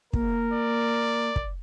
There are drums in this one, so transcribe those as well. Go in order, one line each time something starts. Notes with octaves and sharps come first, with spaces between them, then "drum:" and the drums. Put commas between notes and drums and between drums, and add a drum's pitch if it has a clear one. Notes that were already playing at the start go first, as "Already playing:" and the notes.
A#3 A#4, drum: kick
D5
drum: kick